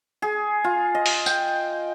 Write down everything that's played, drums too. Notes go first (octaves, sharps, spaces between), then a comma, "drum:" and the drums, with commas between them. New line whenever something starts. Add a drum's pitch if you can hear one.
G#4
F4
D#5
drum: open hi-hat
G5, drum: tambourine